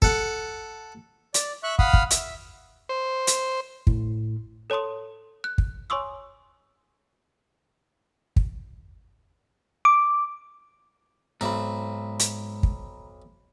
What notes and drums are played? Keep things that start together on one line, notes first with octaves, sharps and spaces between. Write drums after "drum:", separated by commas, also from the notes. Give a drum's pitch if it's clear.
A4 F#5, drum: kick
D5, drum: hi-hat
E5 C#6 F#6
F5 F#5 B5 D#6 F6, drum: kick
drum: kick
E5, drum: hi-hat
C5
drum: hi-hat
A2, drum: kick
A4 C#5 A5 C6 D#6
F#6
drum: kick
C#5 G#5 C6 C#6 D#6 E6
drum: kick
D6
B1 G#2 C4 E5 A#5 B5
drum: hi-hat
drum: kick